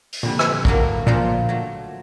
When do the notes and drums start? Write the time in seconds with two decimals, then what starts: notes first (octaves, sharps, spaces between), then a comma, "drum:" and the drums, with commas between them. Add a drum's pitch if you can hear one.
0.12 drum: open hi-hat
0.23 F2 A#2 D3 G3
0.39 drum: rim click
0.65 A2 F#3 A#3 D4 F#4, drum: kick A#1
1.07 A#2 F3 A#3 D4 F4 A#4
1.49 F#3 A3